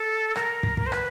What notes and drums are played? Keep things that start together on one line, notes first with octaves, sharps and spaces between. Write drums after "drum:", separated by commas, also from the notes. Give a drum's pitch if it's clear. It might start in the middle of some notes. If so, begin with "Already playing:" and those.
Already playing: A4
A#4, drum: rim click
drum: kick
drum: kick
C5
B4, drum: rim click